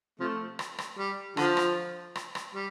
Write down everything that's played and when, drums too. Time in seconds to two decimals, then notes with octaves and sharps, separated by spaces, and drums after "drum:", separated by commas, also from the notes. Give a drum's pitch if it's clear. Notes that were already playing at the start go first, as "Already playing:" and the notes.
0.20 C3 F3 A3
0.59 drum: rim click
0.78 drum: rim click
0.99 G3
1.37 D3 F3, drum: rim click
1.57 drum: rim click
2.15 drum: rim click
2.35 drum: rim click
2.55 G3